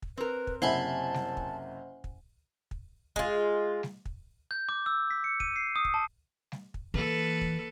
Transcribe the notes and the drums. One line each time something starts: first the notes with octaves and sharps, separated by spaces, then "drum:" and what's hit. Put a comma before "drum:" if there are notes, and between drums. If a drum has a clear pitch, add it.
drum: kick
C4 A#4 B4
drum: kick
F#1 C3 E4 C5 F#5 G#5 A5
drum: snare G3
drum: kick
drum: kick
drum: kick
G#3 F4, drum: kick
drum: snare G3
drum: kick
G6
D6
E6
B6
C#7
D#7, drum: kick
C7
D#6
drum: kick
A5
drum: snare G3
drum: kick
E3 A#3 A4 B4
drum: kick